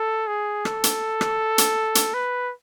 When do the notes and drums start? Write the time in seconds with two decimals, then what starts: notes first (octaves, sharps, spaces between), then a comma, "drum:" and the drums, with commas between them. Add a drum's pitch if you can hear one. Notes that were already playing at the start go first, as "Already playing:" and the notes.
Already playing: A4
0.27 G#4
0.65 A4, drum: rim click
0.84 drum: hi-hat
1.21 drum: rim click
1.58 drum: hi-hat
1.95 drum: hi-hat
2.14 B4